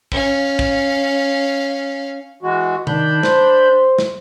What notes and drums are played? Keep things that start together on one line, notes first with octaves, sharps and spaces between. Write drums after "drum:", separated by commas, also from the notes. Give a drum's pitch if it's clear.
C#4 F5, drum: kick
drum: kick
E3 G#3 F#4
D#3 D4 B5 G6, drum: tom C3
C5, drum: snare
drum: snare